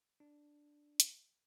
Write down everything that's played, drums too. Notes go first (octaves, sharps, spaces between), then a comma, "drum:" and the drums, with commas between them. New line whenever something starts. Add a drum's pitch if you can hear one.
D4
drum: hi-hat